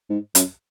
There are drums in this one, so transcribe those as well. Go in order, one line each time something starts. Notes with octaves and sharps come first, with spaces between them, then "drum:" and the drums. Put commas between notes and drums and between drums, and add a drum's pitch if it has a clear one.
G#2
F#2, drum: hi-hat